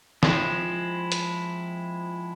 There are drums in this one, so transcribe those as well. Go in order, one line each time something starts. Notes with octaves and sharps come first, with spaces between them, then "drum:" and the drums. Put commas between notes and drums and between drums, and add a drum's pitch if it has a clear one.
F3 G#3 C4 E4, drum: snare
drum: hi-hat